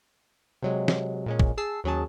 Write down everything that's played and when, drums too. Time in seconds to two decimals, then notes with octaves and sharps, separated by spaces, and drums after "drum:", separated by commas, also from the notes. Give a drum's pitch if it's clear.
0.62 C3 F#3 G#3
0.88 drum: snare
1.26 A#2 G#3 C#4
1.40 drum: kick
1.58 G#4 A5 E6 C7
1.84 D#2 F#3 C#4 G#4 A5